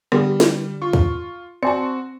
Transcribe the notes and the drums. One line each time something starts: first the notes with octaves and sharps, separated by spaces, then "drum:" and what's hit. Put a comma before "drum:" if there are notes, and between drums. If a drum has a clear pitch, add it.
D3 G3 B3 G4 G#4, drum: rim click
drum: snare
F4 C#6
drum: kick
C4 F#4 D5 G#5 A5 C#7